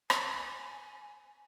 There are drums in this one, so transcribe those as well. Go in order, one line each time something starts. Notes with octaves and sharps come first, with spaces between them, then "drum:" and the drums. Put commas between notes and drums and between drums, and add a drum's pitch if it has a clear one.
G#5, drum: rim click